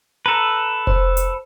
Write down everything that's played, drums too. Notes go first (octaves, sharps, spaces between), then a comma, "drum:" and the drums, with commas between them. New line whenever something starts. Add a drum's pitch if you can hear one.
A4 B4 A#5
C5, drum: kick F1
drum: hi-hat